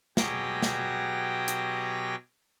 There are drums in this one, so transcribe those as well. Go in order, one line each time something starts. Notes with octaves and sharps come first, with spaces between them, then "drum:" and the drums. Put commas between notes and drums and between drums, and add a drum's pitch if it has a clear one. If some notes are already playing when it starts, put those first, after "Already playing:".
B2 F#3 G4 G#4 G5 A#6, drum: snare
drum: snare
drum: hi-hat